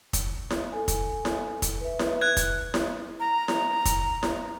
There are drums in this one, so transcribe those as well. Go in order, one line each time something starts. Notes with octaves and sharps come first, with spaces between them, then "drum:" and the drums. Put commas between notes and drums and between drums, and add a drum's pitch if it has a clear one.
drum: kick, hi-hat
drum: snare E4
A4 G#5
drum: kick, hi-hat
drum: snare E4
drum: kick, hi-hat
B4 E5
drum: snare E4
F#6 G#6
drum: kick, hi-hat
drum: snare E4
A#5
drum: snare E4
drum: kick, hi-hat
drum: snare E4